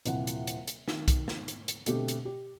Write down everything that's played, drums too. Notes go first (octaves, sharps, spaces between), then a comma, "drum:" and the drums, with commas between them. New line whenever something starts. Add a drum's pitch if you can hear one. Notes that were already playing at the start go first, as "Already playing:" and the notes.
D#1 C3 E3 F#5, drum: hi-hat
drum: hi-hat
drum: hi-hat
drum: hi-hat
D#3, drum: snare
drum: kick B1, hi-hat
drum: snare
drum: hi-hat
drum: hi-hat
B2 D3 A3 C4 G4, drum: hi-hat
drum: hi-hat
G4